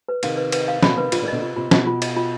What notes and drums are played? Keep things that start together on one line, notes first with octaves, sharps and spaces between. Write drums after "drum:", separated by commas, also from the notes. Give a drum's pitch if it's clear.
B4
C3 D#3 F5, drum: cymbal
B4
B4, drum: cymbal
F5
B2 D3 B5, drum: snare
C3 D#3 B4
D3 F3 F4, drum: cymbal
D#3 G3
B2 D3 D#5
C3 F4
C3 F4
B2 F4, drum: snare
F4
D#5, drum: cymbal
F4